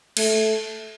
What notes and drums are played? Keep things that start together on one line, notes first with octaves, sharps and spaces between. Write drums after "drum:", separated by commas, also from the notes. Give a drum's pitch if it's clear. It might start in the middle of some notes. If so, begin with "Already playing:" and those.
A3, drum: cymbal